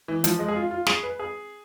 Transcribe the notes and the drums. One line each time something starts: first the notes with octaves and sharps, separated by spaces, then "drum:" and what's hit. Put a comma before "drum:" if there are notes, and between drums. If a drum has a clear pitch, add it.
E3
F3, drum: hi-hat
G#3
G#4
F4
F4
G#4, drum: snare
B4
G#4